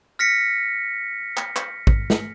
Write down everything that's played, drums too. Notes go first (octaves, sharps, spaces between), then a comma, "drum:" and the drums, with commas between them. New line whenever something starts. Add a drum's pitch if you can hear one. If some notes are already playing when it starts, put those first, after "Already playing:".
F6 A#6 B6 C#7
drum: clap
drum: clap
drum: kick
drum: snare